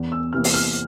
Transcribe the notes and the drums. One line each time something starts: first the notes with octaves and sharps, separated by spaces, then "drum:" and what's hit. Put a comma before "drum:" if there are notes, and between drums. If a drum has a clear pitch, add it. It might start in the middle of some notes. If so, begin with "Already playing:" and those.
Already playing: E2
E6
C3 E3 A#3 F6
drum: open hi-hat
F6